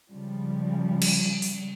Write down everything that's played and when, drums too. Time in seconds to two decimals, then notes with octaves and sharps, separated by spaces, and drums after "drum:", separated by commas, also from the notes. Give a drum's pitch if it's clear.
0.11 C#3 F3 G3 G#3
1.02 drum: cymbal
1.42 drum: open hi-hat